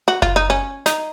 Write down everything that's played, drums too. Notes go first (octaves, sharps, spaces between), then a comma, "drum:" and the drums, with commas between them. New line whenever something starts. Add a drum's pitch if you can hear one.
F#4
F4, drum: kick F#1
D#4
C#4
D#4, drum: snare